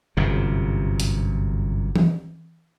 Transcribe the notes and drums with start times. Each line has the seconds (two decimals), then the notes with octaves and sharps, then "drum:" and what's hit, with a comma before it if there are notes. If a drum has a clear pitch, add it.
0.17 G1 F#2 C3
1.00 drum: hi-hat
1.96 drum: tom E3